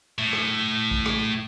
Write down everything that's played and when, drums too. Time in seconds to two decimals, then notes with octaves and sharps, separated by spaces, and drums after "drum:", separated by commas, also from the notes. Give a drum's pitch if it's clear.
0.18 A2
0.33 drum: rim click
0.91 drum: kick
1.06 drum: rim click